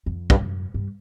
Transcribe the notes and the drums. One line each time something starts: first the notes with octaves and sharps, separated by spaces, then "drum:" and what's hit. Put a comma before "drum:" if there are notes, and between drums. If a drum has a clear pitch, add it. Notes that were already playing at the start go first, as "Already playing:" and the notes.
F2
G2, drum: kick
F#2
G2